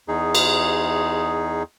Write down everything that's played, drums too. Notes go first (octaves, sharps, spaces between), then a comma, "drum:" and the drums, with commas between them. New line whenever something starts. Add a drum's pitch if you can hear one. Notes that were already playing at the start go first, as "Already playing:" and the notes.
E2 D#4 G#4
drum: cymbal